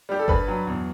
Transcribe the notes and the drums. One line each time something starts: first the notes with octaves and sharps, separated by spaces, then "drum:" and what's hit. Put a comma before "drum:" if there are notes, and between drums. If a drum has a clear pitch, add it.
G3 G4
A4
G2 B4, drum: kick G1
F#3
E2